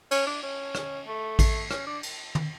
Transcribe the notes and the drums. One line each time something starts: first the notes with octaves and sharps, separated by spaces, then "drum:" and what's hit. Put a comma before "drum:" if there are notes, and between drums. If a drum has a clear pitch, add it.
C#4, drum: cymbal
D4
C#4
drum: rim click
A3
drum: kick A1, cymbal
C#4, drum: rim click
D4
drum: cymbal
drum: tom